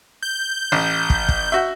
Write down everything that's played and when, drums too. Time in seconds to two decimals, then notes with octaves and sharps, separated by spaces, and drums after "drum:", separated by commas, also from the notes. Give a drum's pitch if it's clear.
0.23 G6
0.72 A1
1.10 drum: kick
1.29 drum: kick
1.52 F#4 E5